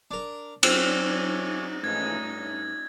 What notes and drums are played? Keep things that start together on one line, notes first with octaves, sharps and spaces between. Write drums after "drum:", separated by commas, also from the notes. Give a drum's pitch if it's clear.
D4 A#4
F#3 C4 D#4 C#5 D5 G#5, drum: cymbal
G#2 E3 F3 A3 C#4 D#4 G#6
G2